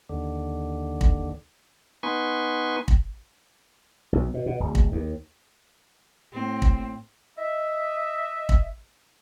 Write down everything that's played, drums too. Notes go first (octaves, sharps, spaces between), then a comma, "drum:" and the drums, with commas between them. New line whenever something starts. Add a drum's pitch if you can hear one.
D#2 D3
drum: kick
B3 D#4 B4 G#5 C6 C#6
drum: kick
B1
B2
B2
D1
drum: kick
D#2
A2 C4
drum: kick
D#5 E5
drum: kick